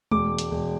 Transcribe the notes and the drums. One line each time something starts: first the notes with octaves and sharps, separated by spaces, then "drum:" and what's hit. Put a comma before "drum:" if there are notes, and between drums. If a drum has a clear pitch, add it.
E1 D6, drum: tom G#3
drum: hi-hat
E1